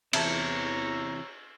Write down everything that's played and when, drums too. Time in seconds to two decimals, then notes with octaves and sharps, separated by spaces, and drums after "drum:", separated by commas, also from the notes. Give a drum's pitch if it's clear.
0.13 E2 C3 E3 C#5 E5 A5 A#5, drum: cymbal